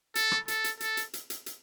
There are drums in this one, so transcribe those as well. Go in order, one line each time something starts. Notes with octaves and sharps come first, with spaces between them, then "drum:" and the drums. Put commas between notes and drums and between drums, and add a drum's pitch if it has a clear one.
A4, drum: hi-hat
drum: rim click
A4, drum: hi-hat
drum: hi-hat
A4, drum: hi-hat
drum: hi-hat
drum: hi-hat
drum: hi-hat
drum: hi-hat